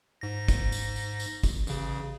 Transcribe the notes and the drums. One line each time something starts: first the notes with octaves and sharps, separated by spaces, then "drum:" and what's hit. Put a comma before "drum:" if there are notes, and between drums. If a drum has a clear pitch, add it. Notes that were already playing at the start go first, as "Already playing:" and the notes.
G#2 A#6
drum: kick, tambourine
drum: tambourine
drum: tambourine
drum: tambourine
drum: kick, tambourine
A1 C#3, drum: tambourine